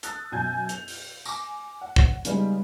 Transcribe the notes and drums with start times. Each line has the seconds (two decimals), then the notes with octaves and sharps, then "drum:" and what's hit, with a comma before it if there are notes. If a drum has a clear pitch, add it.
0.03 A5 D#6 E6 F#6 A6, drum: hi-hat
0.31 F#2 B2 G#5 G6 G#6
0.69 F7, drum: hi-hat
0.88 drum: open hi-hat
1.25 G#5 D6 A#6, drum: tambourine
1.81 F#5
1.96 drum: kick
2.25 C#3 G3 G#3 B3 D#4, drum: hi-hat